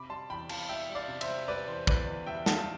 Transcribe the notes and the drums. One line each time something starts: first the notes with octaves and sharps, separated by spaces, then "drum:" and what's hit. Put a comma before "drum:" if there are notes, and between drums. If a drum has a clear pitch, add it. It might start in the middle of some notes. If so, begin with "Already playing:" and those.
Already playing: C3 B5 D6
G3 A5 C6
E2 G5 B5
E2 F5 A5, drum: cymbal
G3 E5 G5
G3
D5 F5
C3
C5 E5, drum: cymbal
G3
G3 B4 D5
E2 C5
E2 B4 D5, drum: kick
E2
G3 E5 G5
E2 F5 A5, drum: snare